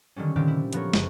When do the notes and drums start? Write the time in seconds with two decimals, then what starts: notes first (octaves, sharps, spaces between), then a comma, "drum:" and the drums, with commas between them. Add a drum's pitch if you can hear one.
0.16 D3 D#3 F#3 G3 C#4
0.36 A#2 D3 D#3 C4 G4
0.48 E4
0.73 F3 B3 A4 A#4 C#5, drum: hi-hat
0.93 F#1, drum: snare